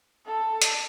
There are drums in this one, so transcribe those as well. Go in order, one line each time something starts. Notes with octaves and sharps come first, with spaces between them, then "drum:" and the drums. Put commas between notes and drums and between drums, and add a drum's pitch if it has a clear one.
A4
drum: hi-hat